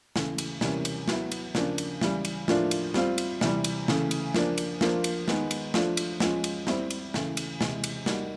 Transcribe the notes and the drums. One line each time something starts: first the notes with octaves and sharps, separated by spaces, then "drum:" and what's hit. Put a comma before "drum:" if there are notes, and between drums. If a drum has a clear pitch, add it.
C#3 E3 A3, drum: snare
drum: cymbal
C3 E3 G3 A#3 C#4, drum: snare
drum: cymbal
F#3 B3 E4, drum: snare
drum: cymbal
C#3 F3 A#3 D4, drum: snare
drum: cymbal
C#3 E3 G3, drum: snare
drum: cymbal
A2 F3 A#3 D4 F4, drum: snare
drum: cymbal
G3 C4 F4, drum: snare
drum: cymbal
C3 E3 G3, drum: snare
drum: cymbal
C#3 E3 A3, drum: snare
drum: cymbal
F3 A#3 D4, drum: snare
drum: cymbal
F3 A#3 D4 F4, drum: snare
drum: cymbal
D#3 G#3 B3, drum: snare
drum: cymbal
F3 A3 D4 F4, drum: snare
drum: cymbal
F3 G#3 C#4 F4, drum: snare
drum: cymbal
G3 C4 E4, drum: snare
drum: cymbal
C#3 E3 A3, drum: snare
drum: cymbal
C3 E3 G#3, drum: snare
drum: cymbal
G3 A#3 D#4 F#4, drum: snare